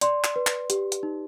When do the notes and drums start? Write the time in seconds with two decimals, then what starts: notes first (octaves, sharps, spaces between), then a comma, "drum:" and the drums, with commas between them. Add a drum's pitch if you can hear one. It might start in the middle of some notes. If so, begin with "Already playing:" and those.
0.01 D5 C6, drum: hi-hat
0.24 drum: clap
0.36 B4
0.47 drum: clap
0.70 G4, drum: hi-hat
0.92 drum: hi-hat
1.03 D#4